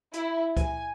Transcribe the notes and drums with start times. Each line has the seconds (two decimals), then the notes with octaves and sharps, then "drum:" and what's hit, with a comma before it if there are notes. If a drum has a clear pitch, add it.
0.13 E4, drum: hi-hat
0.57 G#5, drum: kick C#2, hi-hat